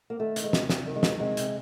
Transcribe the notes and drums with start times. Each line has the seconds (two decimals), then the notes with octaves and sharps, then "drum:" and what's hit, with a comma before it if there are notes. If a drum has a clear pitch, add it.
0.10 A#3
0.20 D#3 A3
0.36 D#3, drum: hi-hat
0.44 G#3
0.53 C3, drum: snare
0.69 C3 G3, drum: snare
0.87 D#3
0.96 G#3
1.03 D#3, drum: snare
1.20 C3 G#3
1.37 C3, drum: hi-hat